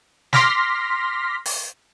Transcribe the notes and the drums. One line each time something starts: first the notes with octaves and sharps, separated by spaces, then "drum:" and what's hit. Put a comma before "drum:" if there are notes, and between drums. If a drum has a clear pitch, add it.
C6 D6 F6 A#6 B6, drum: snare
drum: open hi-hat